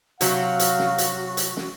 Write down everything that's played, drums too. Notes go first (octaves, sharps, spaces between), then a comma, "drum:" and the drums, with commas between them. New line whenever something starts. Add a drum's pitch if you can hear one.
C3 F#3 F#4 F5, drum: hi-hat
drum: hi-hat
drum: snare
drum: hi-hat
drum: hi-hat
drum: snare